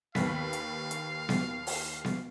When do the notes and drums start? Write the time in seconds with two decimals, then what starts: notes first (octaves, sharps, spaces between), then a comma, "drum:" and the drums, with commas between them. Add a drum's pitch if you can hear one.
0.15 D#2 B4 F5 B6, drum: snare B3
0.53 drum: hi-hat
0.91 drum: hi-hat
1.29 drum: snare B3
1.67 drum: open hi-hat
2.05 drum: snare B3